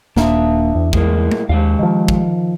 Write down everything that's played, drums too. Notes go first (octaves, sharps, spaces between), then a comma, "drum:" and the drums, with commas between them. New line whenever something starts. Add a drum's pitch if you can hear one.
D#1 A#3 D4 E5 A5, drum: snare
E2
A2 G#3 A#3, drum: kick
drum: tom G#3
D#2 G#3 G4 F5
D#3 F3
drum: kick